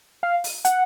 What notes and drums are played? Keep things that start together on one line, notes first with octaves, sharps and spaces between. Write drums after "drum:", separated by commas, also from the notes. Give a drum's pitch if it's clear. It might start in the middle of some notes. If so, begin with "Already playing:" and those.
F5
drum: open hi-hat
F#5, drum: hi-hat